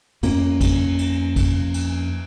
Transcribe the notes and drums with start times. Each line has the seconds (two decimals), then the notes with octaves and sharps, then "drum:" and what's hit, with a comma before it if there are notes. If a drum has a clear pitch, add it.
0.23 F2 A#3 C#4, drum: cymbal
0.61 drum: kick G#1, cymbal
0.98 drum: cymbal
1.36 drum: kick G#1, cymbal
1.74 drum: cymbal